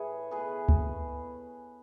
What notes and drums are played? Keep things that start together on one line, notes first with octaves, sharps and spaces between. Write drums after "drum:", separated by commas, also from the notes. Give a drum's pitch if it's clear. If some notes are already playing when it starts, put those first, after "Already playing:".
Already playing: A2 E3 A3 G#4 B4 C#5
B2 A3 G#4 B4
drum: kick C#2